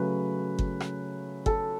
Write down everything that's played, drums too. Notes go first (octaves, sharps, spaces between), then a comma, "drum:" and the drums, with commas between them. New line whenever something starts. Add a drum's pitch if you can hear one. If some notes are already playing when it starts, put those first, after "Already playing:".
Already playing: C#3 F#3 A3 B4
drum: kick G1
drum: rim click
A4, drum: kick G1